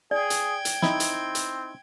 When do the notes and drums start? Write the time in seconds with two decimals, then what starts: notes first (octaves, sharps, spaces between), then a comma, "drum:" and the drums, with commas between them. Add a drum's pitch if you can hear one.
0.11 G#4 D5 G5 G#6
0.30 drum: hi-hat
0.65 drum: hi-hat
0.82 C4 D#4 E4, drum: snare
1.00 drum: hi-hat
1.35 drum: hi-hat